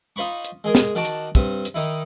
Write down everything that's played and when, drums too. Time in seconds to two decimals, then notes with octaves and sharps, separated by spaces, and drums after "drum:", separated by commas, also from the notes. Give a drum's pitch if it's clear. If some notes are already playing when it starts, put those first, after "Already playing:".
0.16 D#4 F4 C5 B5 C#6
0.45 drum: hi-hat
0.64 G#3 G#4 A#4
0.75 drum: snare
0.95 D#3 F#4 D5 A5 D6
1.05 drum: hi-hat
1.35 G2 C3, drum: kick, hi-hat
1.65 drum: hi-hat
1.74 D#3 D#4 E4